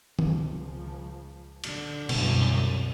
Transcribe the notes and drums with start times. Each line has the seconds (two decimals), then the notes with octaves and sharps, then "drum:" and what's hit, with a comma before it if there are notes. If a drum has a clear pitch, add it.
0.19 C#2 F3, drum: tom D#3
1.64 D3, drum: cymbal
2.09 C2 F#2 B2, drum: cymbal